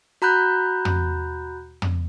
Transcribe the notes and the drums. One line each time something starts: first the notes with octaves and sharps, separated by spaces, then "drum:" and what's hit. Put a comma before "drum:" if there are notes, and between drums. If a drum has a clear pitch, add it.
F#4 A#5 B5 F#6 G6
drum: tom
drum: tom